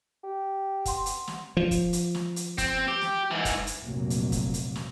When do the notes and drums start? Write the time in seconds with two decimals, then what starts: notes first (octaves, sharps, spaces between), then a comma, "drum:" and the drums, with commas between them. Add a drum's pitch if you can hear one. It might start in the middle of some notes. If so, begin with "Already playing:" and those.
0.24 G4
0.86 F#5 C6, drum: kick, hi-hat
1.06 drum: hi-hat
1.28 drum: snare
1.57 F3
1.71 drum: kick, hi-hat
1.93 drum: hi-hat
2.15 drum: snare
2.36 drum: hi-hat
2.58 C4, drum: kick, hi-hat
2.88 G4
3.02 drum: snare
3.31 G#2 E3
3.45 drum: kick, hi-hat
3.67 drum: hi-hat
3.83 F1 A#1 F#3 A#3
4.10 drum: hi-hat
4.32 drum: kick, hi-hat
4.54 drum: hi-hat
4.76 drum: snare